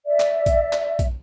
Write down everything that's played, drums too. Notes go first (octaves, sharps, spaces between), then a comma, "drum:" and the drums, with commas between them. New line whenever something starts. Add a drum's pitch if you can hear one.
D5 E5
drum: clap
drum: kick A#1, hi-hat
drum: clap
drum: kick A#1, hi-hat